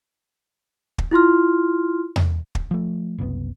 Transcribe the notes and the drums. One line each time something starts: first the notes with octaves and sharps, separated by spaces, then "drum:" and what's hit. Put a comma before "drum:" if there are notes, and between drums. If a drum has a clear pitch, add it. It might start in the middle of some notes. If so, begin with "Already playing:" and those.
drum: kick
E4 F4 C6 F6
drum: tom E2
drum: kick
F3 A3
F#1 C2 B2 B3